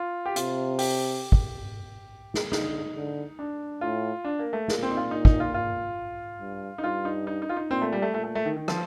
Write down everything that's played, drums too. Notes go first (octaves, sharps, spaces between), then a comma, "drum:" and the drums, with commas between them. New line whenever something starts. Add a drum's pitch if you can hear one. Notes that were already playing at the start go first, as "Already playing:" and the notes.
Already playing: F4
G4
C3 F4, drum: hi-hat
G4, drum: open hi-hat
drum: kick
drum: snare
D3 D#4, drum: snare
D3
D4
A2 F4
D4
A#3
A3
A#2 A#3, drum: snare
C4
D#4
F4
D#4
D#4, drum: kick
F4
F4
G2
D#4
G2 F4
D#4
D#4
D#4
F4
D#4
A#2 C4
A3
G3
A3
A#2 A3
A3
A3
D#3
D#3
F3, drum: rim click